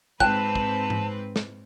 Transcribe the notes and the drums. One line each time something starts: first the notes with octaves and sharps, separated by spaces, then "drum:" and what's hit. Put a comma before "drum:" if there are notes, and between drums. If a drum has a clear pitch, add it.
G#2 C4 B4 G5 A5 F#6, drum: kick
drum: kick
drum: tom G#2
drum: snare